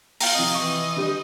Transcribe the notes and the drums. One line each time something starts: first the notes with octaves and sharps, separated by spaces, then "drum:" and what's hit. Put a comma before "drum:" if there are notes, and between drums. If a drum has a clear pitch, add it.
F4 G5 A#5, drum: open hi-hat
C3 F3 D#5
E3 C#6
D3 G3 G4